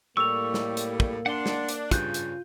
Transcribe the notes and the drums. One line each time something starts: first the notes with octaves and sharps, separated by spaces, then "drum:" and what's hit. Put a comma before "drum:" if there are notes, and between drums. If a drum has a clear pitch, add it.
A2 G3 A#3 C#6 E6 F7
drum: snare
drum: hi-hat
drum: kick
D4 F#5 C6
drum: snare
drum: hi-hat
G2 C#3 F4 F#6 G6, drum: kick, hi-hat
drum: hi-hat